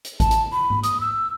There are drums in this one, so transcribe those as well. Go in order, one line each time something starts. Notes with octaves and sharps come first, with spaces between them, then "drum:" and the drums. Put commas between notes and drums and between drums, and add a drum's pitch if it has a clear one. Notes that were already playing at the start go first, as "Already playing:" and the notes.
drum: hi-hat
A5, drum: kick G#1, hi-hat
drum: hi-hat
B5
drum: tom G#2
D#6, drum: hi-hat
E6